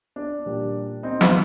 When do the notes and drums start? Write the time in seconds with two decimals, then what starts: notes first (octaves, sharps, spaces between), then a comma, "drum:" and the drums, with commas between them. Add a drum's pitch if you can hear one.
0.16 D4
0.46 A#2 G3
1.03 C4 D#4
1.21 F4, drum: snare